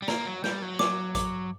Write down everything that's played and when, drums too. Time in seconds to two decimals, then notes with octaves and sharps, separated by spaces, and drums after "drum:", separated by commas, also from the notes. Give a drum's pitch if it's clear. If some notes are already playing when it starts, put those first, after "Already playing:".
0.02 G3
0.08 A#3 A#5, drum: snare
0.25 F#3
0.44 G3 G6, drum: snare
0.62 F#3
0.79 D6, drum: snare
1.15 D6, drum: kick A1, hi-hat